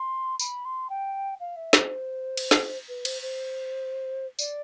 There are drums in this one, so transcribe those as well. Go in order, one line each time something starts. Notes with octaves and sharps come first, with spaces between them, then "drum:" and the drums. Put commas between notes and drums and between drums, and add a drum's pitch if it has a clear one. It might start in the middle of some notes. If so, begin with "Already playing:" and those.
Already playing: C6
B5, drum: tambourine
C6
G5
F5
E5
C5, drum: snare
drum: cymbal
drum: snare
B4
C5, drum: cymbal
C5
D5, drum: tambourine